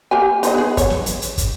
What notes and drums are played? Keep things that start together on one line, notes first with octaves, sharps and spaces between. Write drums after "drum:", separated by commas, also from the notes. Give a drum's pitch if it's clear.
A#3 G4 G#5
D#4 C5 D#5, drum: hi-hat
B3 G#4
C#5, drum: kick, hi-hat
drum: snare
drum: hi-hat
drum: hi-hat
drum: kick, hi-hat